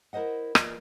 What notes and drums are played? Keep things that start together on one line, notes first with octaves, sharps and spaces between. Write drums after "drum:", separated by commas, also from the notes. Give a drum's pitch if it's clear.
E4 A#4 C5 D#5 F#5
E3 G#3 A#3 F4 D5, drum: rim click